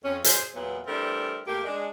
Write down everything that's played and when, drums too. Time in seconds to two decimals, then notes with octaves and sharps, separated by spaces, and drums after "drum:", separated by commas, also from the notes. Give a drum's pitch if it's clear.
0.03 F2 C#4
0.24 G#4 C5, drum: hi-hat
0.55 E2 A#2 E3 F#3 B3
0.86 E3 G3 A3 C4 D4 A#4
1.47 E2 A3 A#3 G4
1.64 G#3 D4